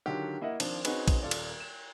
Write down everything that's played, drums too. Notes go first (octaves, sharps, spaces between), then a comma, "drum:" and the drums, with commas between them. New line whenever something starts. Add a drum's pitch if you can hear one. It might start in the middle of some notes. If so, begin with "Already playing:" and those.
D3 D#3 F#3 F4 G4
A#3 E4 D#5 E5 F#5
D#3 F3 C4 D4, drum: cymbal
C4 C#4 D#4 F#4 G#4 B4, drum: cymbal
drum: kick, cymbal
D#1 F4 A4 D5
drum: cymbal
E7